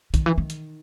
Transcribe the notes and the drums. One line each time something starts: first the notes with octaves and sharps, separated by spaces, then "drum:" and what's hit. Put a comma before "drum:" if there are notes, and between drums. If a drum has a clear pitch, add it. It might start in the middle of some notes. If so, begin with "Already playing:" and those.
D#3, drum: kick, hi-hat
E3
D#3
drum: hi-hat